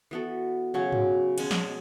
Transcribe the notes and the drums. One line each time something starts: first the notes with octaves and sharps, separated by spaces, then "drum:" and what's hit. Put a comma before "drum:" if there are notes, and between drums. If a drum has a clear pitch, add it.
E3 B3 F#4 A4
C#3 F#3 C#4
drum: tom
B2 G#3 C#4, drum: cymbal
drum: snare